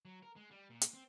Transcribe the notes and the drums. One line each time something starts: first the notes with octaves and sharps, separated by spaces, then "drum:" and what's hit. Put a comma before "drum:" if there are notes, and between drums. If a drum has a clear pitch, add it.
F#3
A#4
G#3
G3
A#2
drum: hi-hat
C4